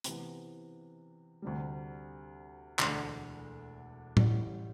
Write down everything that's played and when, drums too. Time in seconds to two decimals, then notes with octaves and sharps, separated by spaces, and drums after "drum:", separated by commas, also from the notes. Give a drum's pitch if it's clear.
0.04 C3 E3 B3, drum: hi-hat
1.42 D2 C3 G3
2.79 E1 D2 D3 A3 D4, drum: clap
4.17 A1 A2 G3, drum: tom